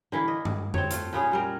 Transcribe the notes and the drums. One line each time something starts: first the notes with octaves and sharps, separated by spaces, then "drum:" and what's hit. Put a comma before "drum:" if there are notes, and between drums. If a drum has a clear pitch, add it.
D3 E3 A#3 E4
D#5
drum: tom G2
C4 C#5, drum: tom F2
A3 F4, drum: hi-hat
A#2 B3 C#4 G#4
F#3 G3 A#4